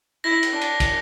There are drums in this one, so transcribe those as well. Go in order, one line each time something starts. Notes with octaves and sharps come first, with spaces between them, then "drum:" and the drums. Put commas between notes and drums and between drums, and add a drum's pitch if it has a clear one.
E4 A#6
drum: cymbal
D4
drum: cymbal
drum: kick, cymbal